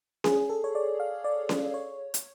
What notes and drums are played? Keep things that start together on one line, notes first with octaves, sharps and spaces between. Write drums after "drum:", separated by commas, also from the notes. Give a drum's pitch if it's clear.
G#4, drum: snare C#4
A4
C#5
D5
F5
D5
D5, drum: snare C#4
C#5
drum: hi-hat